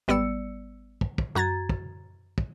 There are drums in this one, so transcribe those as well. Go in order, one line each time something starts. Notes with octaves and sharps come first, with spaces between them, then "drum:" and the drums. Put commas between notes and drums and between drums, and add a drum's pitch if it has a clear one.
G#1 G3 B3 D5 E6 C#7
drum: kick
drum: kick
F#2 F#4 A#5 G#6 A6
drum: kick
drum: kick